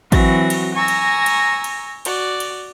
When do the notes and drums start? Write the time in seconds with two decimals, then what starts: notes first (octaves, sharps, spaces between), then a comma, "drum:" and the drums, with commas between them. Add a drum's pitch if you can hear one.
0.12 E3 F#3 C4 F#4 A#6, drum: kick A1, cymbal
0.50 drum: cymbal
0.76 G#5 A#5 C#6 E6 A#6
0.88 drum: cymbal
1.26 drum: cymbal
1.64 drum: cymbal
2.05 F#4 D5, drum: cymbal
2.40 drum: cymbal